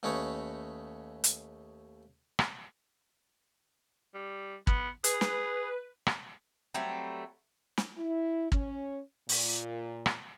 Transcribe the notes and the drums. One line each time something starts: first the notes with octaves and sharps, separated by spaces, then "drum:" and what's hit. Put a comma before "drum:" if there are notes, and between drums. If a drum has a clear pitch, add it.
D#2 A3 C#4 D#4 B4 C#5
drum: hi-hat
drum: rim click
G3
B3, drum: kick
G#4 B4, drum: hi-hat
B4, drum: snare
drum: rim click
F#3 G3 A3 C4
drum: snare
E4
C#4, drum: kick
A#2, drum: open hi-hat
drum: rim click